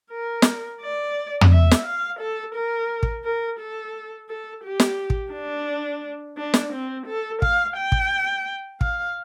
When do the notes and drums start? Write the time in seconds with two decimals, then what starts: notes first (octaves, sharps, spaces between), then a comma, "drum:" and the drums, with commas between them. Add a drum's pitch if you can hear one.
0.11 A#4
0.42 drum: snare
0.81 D5
1.41 drum: tom
1.51 E5
1.71 drum: snare
1.86 F5
2.20 A4
2.55 A#4
3.03 drum: kick
3.25 A#4
3.59 A4
4.29 A4
4.64 G4
4.80 drum: snare
5.10 drum: kick
5.32 D4
6.37 D4
6.54 drum: snare
6.73 C4
7.07 A4
7.42 F5, drum: kick
7.77 G5
7.92 drum: kick
8.81 F5, drum: kick